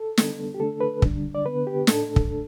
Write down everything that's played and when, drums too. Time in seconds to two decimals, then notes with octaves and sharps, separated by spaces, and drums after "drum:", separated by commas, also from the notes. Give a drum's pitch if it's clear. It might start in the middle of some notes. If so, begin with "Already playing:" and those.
Already playing: A4
0.17 D3 G3 B3 D4, drum: snare
0.54 G4
0.59 D3 A3 D4 A4
0.81 B4
1.02 D3 G3 D4, drum: kick
1.35 D5
1.45 D3 B3 D4 B4
1.67 G4
1.87 A2 A3 D4 A4, drum: snare
2.16 drum: kick